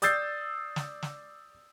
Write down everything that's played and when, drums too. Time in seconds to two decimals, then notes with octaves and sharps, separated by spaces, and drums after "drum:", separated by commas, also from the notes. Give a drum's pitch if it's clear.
0.02 D5 D#6 E6 G6 A6 C7, drum: hi-hat
0.76 drum: snare
1.03 drum: snare